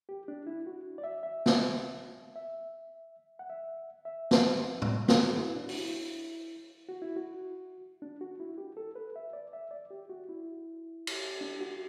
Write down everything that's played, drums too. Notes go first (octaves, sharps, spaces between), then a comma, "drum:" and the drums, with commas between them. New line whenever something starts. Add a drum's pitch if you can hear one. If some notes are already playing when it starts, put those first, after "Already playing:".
G4
D4
E4
F#4
D5
E5
E5
drum: snare
E5
F#5
E5
E5
drum: snare
drum: tom A2
A4, drum: snare
B4
F#4
E4
D4
F#4, drum: open hi-hat
E4
F#4
E4
F#4
D4
F#4
E4
G4
A4
B4
E5
D5
E5
D5
G4
F#4
E4
drum: cymbal
D4
F#4